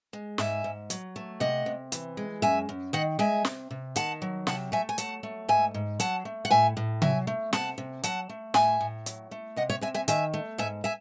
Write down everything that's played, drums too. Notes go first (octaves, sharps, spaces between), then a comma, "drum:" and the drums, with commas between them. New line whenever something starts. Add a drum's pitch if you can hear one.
G#3
G#2 E5 G#5, drum: snare
G#2
F#3, drum: hi-hat
A3
C3 D#5 F#5
C3
E3, drum: hi-hat
G#3
F#2 E5 G#5
F#2
D#3 D#5 F#5
G#3 E5 G#5
C3, drum: snare
C3
D#3 F#5 A5, drum: hi-hat
F#3
C3 F#5 A5, drum: snare
A3 E5 G#5
G#5
F#3 F#5 A5, drum: hi-hat
A3
G#2 E5 G#5
G#2
F#3 F#5 A5, drum: hi-hat
A3
F#5
A2 E5 G#5
A2
F#3 E5 G#5, drum: tom C3
A3
C3 F#5 A5, drum: snare
C3
F#3 F#5 A5, drum: hi-hat
A3
A2 E5 G#5, drum: snare
A2
F#3, drum: hi-hat
A3
C3 D#5 F#5
C#5 E5
C3 E5 G#5
E5 G#5
D#3 E5 G#5, drum: hi-hat
A3
G#2 E5 G#5
E5 G#5